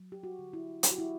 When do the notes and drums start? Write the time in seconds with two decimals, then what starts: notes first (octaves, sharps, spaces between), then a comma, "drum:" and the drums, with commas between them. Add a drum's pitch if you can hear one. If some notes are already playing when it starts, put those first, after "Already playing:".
Already playing: F#3
0.12 G4
0.23 F#4
0.39 D3
0.53 E4
0.83 F#3 G4, drum: hi-hat
0.91 F#4
0.98 E4